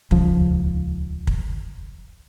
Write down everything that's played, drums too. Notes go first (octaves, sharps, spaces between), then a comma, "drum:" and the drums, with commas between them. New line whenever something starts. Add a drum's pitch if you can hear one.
D#1 C#2 F3, drum: kick
drum: kick